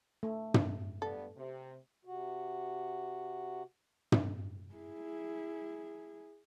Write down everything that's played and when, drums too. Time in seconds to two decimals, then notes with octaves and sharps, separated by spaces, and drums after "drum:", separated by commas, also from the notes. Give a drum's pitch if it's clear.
0.23 A3
0.54 drum: tom
1.02 G2 B3 A4 D5
1.37 C3
2.05 C3 F#4
4.12 drum: tom
4.74 E4 G#4